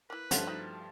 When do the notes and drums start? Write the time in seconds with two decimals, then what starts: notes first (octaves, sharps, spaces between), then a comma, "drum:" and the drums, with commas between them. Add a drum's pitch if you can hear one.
0.10 A#3 E4 B4
0.31 G2 F3 A3 C5 C#5 F#5, drum: hi-hat
0.47 D#4 F#4